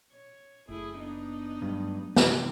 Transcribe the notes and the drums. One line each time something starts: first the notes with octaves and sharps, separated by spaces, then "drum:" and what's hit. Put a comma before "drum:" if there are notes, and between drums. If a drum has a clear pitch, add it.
C#5
F#1 A3 E4 G#4
B3 D4 D#4
G2 F#3 A3
C3 E3, drum: snare